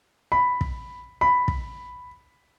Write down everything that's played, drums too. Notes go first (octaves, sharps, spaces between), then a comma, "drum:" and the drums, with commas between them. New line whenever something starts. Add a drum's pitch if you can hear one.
B5
drum: kick
B5
drum: kick